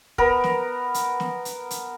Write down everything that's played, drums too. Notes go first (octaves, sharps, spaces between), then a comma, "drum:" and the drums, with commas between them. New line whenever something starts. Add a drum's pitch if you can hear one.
B3 A#4, drum: kick
drum: snare
drum: hi-hat
drum: snare
drum: hi-hat
drum: hi-hat